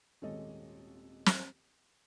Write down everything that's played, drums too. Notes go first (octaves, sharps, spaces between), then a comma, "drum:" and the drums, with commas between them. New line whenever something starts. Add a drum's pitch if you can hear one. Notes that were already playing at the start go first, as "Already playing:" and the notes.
D#1 G#1 G#3 A4 C#5 D#5
drum: snare